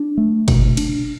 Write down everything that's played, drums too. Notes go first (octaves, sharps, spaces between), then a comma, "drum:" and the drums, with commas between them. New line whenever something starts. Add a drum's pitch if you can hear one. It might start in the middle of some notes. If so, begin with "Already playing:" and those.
Already playing: D4
A3
B2, drum: kick, cymbal
D4, drum: cymbal